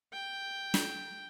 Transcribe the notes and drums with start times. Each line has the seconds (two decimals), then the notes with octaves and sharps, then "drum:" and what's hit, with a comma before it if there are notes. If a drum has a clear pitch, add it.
0.13 G5
0.74 drum: snare